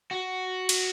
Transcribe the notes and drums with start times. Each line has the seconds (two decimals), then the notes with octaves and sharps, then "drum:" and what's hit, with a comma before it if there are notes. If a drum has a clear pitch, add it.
0.11 F#4
0.69 drum: cymbal